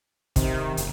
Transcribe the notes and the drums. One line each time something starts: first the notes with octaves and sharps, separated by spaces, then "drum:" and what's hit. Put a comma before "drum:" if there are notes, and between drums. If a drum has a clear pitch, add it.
C3 D#3, drum: kick, hi-hat
F#1, drum: hi-hat